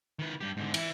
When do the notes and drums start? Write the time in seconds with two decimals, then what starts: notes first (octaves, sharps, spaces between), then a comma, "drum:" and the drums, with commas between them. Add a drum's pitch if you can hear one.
0.19 D#3 B4
0.41 G2 G4
0.57 G#2 D3
0.74 E3 E4, drum: cymbal